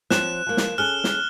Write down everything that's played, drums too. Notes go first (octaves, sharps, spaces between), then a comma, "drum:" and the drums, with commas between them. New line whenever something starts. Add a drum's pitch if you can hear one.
F3 C4 C#5 F#6 E7, drum: snare
F3 A#3
drum: snare
C#4 G#4 A4 F6 F#6 G7
drum: snare